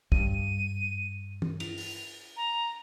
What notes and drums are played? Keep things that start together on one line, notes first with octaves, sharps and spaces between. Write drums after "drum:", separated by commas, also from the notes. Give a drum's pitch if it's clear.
G2 D#7, drum: kick
drum: tom
F7, drum: cymbal
drum: open hi-hat
A#5